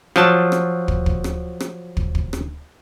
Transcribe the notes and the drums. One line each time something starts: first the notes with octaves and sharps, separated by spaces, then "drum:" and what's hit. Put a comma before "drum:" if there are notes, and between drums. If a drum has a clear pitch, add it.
F3 F#3 A5, drum: rim click
drum: rim click
drum: kick
drum: kick
drum: rim click
drum: rim click
drum: kick
drum: kick
drum: rim click